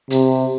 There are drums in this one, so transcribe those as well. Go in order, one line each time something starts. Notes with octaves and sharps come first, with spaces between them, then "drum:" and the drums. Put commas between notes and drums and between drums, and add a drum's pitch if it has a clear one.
C3, drum: hi-hat